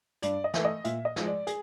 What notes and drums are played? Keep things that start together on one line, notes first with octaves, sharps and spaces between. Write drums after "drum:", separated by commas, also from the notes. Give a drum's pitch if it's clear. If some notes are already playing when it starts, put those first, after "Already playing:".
G2 D5, drum: hi-hat
D#5
E3 A3, drum: snare
D#5
A#2 E5, drum: hi-hat
D#5
F3 G#3, drum: snare
D5
G#4, drum: hi-hat